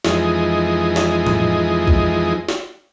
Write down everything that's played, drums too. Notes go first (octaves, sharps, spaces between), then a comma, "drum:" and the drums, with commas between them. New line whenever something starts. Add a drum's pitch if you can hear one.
F2 E3 G#3 D#4, drum: snare
drum: snare
drum: tom A2
drum: kick
drum: snare